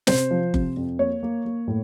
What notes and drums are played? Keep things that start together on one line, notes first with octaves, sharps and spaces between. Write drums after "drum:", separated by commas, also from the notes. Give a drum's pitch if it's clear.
C3 C5, drum: snare
F3
C3, drum: kick F#1
F2
A#3 C#5
A#3
A#3
A2